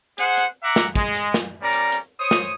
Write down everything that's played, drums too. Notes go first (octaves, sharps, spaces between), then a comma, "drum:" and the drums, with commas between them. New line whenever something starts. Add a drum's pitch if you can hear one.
G#4 C5 F#5, drum: hi-hat
drum: hi-hat
E5 F#5 A#5 D6
drum: snare
G#3, drum: kick, hi-hat
drum: hi-hat
drum: snare
G3 C#4 A#4 D5 A#5
drum: hi-hat
drum: hi-hat
C5 C#5 D#6
drum: snare